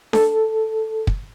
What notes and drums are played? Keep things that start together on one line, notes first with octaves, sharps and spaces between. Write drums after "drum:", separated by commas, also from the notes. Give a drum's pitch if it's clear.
A4, drum: snare D4
drum: kick